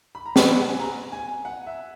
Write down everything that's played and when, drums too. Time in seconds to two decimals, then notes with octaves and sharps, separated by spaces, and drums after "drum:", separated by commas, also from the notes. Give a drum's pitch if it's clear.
0.15 B5
0.26 A#5
0.36 B5, drum: snare
0.55 F#5
0.68 G#5
0.80 A#5
1.12 G#5
1.45 F#5
1.66 E5